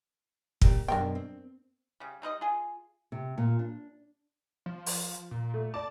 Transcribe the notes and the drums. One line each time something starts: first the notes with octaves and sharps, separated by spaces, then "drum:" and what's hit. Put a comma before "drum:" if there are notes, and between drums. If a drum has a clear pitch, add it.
A#2 G4 D5, drum: kick
F#2 B2 D4 A#4 G5
C4
C#3 G3
G3 D#4 B4 D#5
F4 G#4
C3
A#2
D4
F3
drum: open hi-hat
A#2
A3
D5 A5 D6